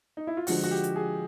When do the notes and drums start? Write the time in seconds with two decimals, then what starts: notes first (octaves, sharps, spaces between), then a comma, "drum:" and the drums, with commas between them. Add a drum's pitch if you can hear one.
0.17 D#4
0.27 E4
0.37 F4
0.47 D3 F3 G#3 F#4, drum: open hi-hat
0.64 F#4
0.71 G4
0.83 drum: hi-hat
0.96 G#4